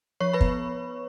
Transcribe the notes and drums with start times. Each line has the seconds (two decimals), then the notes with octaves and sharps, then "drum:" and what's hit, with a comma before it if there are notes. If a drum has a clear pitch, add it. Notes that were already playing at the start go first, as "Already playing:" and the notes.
0.20 F3 C#5 C#6
0.33 B4 B5
0.41 B3, drum: kick